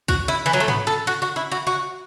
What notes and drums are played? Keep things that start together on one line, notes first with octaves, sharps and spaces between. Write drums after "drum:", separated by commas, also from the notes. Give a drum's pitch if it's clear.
F#4, drum: kick
E4
E3
F#3
A3
B3, drum: tom G#2
A4
F#4
F#4
E4
F#4
F#4